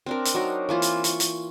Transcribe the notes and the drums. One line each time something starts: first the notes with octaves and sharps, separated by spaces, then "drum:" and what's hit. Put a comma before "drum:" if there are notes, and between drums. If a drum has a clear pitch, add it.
C4 D4 A#4
drum: hi-hat
F#3 D4 D#4 A#4
E3 A#3 F4 C5
drum: hi-hat
C#6, drum: hi-hat
drum: hi-hat